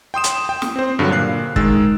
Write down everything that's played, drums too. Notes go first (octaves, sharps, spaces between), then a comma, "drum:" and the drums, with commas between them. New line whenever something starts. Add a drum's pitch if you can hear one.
G5 C6 D#6 E7
drum: hi-hat
G5
drum: snare
C4 C5
G2 D3 F#3
A#2 F5 F#6 C7
D#3 G#3 E6 A6, drum: kick